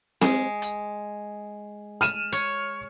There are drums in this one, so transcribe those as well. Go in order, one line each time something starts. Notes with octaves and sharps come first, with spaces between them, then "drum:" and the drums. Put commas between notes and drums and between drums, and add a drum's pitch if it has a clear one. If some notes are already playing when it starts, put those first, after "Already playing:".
G#3, drum: snare C4
drum: hi-hat
F6 D#7 E7, drum: hi-hat
C#5, drum: hi-hat